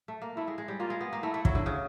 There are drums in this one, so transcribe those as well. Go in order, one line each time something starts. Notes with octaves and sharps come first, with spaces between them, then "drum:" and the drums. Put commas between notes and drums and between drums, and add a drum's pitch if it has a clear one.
A3
A#3
A3 E4
G#3
G#3
G3
A#3 F4
G#3
B3
A#3
A3 E4
A3
F#3, drum: kick
D3
C#3